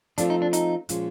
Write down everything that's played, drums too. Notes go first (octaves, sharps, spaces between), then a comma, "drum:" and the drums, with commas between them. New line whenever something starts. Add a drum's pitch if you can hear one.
F3 A3 C4 D4 F4 A4, drum: hi-hat
D#4
D4
D#4, drum: hi-hat
A#2 F3 G#3 C#4 F4, drum: hi-hat